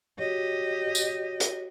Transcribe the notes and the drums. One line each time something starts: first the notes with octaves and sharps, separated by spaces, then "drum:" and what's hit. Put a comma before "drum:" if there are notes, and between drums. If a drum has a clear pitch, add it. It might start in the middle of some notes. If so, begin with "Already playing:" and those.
F#4 G4 C#5 D#5
drum: tambourine
drum: hi-hat